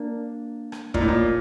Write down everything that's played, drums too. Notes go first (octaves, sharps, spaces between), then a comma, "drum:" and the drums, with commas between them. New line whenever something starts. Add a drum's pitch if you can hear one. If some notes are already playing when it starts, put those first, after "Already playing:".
Already playing: A#3 D4
drum: rim click
A#2, drum: kick
A2
A#2